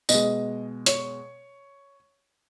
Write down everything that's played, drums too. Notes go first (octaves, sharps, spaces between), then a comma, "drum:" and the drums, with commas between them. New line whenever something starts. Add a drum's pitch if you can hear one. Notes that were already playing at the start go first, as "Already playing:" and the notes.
B2 G#3 D#5, drum: tambourine
C#5, drum: hi-hat